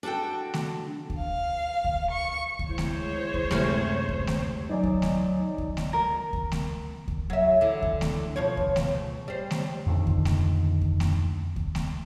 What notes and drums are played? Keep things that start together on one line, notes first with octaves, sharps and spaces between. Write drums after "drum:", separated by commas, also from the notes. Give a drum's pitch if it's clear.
D4 F4 F#4 A4 G5
drum: snare A3
drum: kick D2
F5
drum: kick D2
C#6
drum: kick D2
G#3 E4 C5 C#5
drum: snare A3
drum: kick D2
F#2 C3 A3 C#4, drum: snare A3
drum: kick D2
drum: snare A3
F#3 D#4 D5 G#5
drum: kick D2
drum: snare A3
drum: kick D2
drum: snare A3
A#4
drum: kick D2
drum: snare A3
drum: kick D2
F#3 E5
D3 E3
drum: kick D2
drum: snare A3
B2 F3 C#5
drum: kick D2
drum: snare A3
C#3
G3 C5
drum: snare A3
F2 A#2 D3 D#3
drum: kick D2
drum: snare A3
drum: kick D2
drum: snare A3
drum: kick D2
drum: snare A3